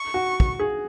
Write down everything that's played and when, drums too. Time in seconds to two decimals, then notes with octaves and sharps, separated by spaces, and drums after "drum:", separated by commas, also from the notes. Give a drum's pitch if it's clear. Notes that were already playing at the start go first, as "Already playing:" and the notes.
Already playing: C#6
0.14 F#4
0.40 drum: kick
0.60 G#4